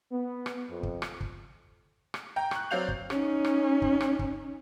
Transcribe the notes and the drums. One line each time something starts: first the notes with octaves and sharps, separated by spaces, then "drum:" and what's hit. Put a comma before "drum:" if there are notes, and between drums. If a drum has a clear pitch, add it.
B3
drum: rim click
F2
drum: kick
drum: rim click
drum: kick
drum: rim click
G5 A#5
C#6 F#6, drum: rim click
F#3 C4 D5 F5 G6 F7
drum: kick
C#4 D#4, drum: rim click
drum: rim click
drum: kick
drum: rim click
drum: kick